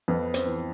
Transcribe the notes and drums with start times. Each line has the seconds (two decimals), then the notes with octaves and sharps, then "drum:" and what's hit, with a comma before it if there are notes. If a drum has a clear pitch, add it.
0.08 F2 B3
0.34 C4, drum: hi-hat
0.47 E3